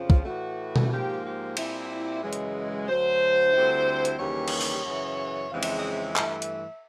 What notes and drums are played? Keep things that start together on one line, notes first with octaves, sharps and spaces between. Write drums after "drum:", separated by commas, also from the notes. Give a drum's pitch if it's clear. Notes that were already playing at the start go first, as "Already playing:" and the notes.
Already playing: F2 C#3 F3
F4, drum: kick
A2 E3 A3 F#4
drum: tom B2
G#2 F3 A#3 G4
G4
A#2 G3 C4 E4, drum: cymbal
F#2 C#3 E3 G#3
drum: hi-hat
D2 D3 F#3 C5
D2 D3 G3 C4 E4
drum: hi-hat
D#2 C#3 E3 G3 A#3 C#5
drum: cymbal
drum: open hi-hat
F#2 C#3 E3
F2 C#3 E3 G#3 C4 F5
E5, drum: cymbal
D#5
E5
G2 E3 A3, drum: clap
drum: hi-hat